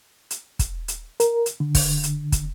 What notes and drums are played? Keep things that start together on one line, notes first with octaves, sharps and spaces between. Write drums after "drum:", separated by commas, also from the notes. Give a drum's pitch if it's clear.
drum: hi-hat
drum: kick, hi-hat
drum: hi-hat
A#4, drum: hi-hat
drum: hi-hat
D3
drum: kick, open hi-hat
drum: hi-hat
drum: kick, hi-hat